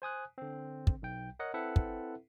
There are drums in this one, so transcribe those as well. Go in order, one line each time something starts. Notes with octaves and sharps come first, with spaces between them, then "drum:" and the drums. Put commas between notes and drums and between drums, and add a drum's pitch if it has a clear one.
C5 G#5 D#6 F#6
D3 C4
drum: kick
B1 G5
A#4 C#5 D#5 F#5
C4 E4 A4 B4 E5 F#5
drum: kick